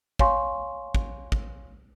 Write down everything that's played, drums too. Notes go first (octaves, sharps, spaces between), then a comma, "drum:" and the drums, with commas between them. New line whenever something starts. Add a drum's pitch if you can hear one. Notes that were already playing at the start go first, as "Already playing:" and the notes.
C#5 F5 G#5 C6 C#6, drum: kick
drum: kick
drum: kick